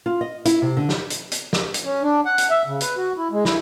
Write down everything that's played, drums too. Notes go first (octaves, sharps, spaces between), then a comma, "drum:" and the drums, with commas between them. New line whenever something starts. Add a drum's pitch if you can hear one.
F4
D#5
E4, drum: hi-hat
C3
D3
drum: snare
drum: hi-hat
drum: hi-hat
drum: snare
drum: hi-hat
C#4
D4
F#5
drum: hi-hat
E5
C#3
B4, drum: hi-hat
F#4
E4
G#3
E4, drum: snare